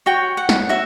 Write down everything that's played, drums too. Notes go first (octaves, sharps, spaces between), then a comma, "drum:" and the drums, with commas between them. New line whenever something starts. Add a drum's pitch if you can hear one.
F#4 C#5 G5
F#5
drum: snare
F#4 E5